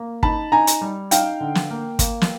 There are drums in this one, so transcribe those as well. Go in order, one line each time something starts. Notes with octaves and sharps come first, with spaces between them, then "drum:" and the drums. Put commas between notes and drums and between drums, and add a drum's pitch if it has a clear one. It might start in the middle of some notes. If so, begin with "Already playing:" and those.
Already playing: A#3
D#4 A5 B5, drum: kick
D#4 G#5 A#5
drum: hi-hat
G3
D#4 F5 G5, drum: hi-hat
D3
drum: snare
A#3
A#3, drum: kick, hi-hat
drum: snare